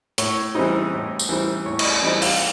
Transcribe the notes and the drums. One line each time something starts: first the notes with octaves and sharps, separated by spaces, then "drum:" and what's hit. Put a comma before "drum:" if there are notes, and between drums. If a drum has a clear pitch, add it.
A2 C#5, drum: hi-hat
E3 G3 C4 D#4
A2
drum: tambourine
E3 G3 C4 D#4
A2 C#5
D#5, drum: cymbal
D5
E3 G3 C4 D#4 D#5
F5, drum: open hi-hat